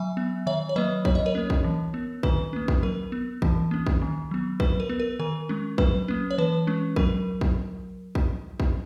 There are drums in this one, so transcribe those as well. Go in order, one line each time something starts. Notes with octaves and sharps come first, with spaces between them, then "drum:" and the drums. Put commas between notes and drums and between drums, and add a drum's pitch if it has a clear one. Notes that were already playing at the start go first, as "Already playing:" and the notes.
Already playing: F#3 E5 G#5
B3
D#3 C#5 E5
C#5
F#3 A#3 B4 D#5
F#3 C#5, drum: kick
D#5
A#4 C#5
A#3 C#4
drum: kick
E3
B3
D#3 B4, drum: kick
A#3 C#4
drum: kick
F#3 A#4
B3
E3, drum: kick
A#3 C#4
drum: kick
D#3
F#3 B3
F#3 B4, drum: kick
A#4
B3
A#4
D#3 A#4
G#3 C#4
F#3 B4, drum: kick
A#3 C#4
C#5
E3 B4
G#3 C#4
F#3 A#4, drum: kick
drum: kick
drum: kick
drum: kick